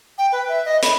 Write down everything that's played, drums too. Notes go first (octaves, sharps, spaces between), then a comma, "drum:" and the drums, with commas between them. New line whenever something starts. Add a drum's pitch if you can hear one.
G5
B4
E5
D#5
B5, drum: hi-hat